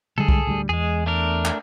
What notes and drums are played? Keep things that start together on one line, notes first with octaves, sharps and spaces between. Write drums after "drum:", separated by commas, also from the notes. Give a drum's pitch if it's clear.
D3 G3 G#3 G#4 A4
drum: kick C2
D2 F#3 G3
E2 G#3 G#4
A3 D4 A#4
drum: clap